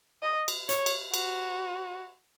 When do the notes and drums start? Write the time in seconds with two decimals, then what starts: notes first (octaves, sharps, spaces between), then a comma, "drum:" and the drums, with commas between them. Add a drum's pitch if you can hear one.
0.23 D#5
0.48 drum: cymbal
0.69 C#5, drum: hi-hat
0.86 drum: cymbal
1.14 F#4, drum: cymbal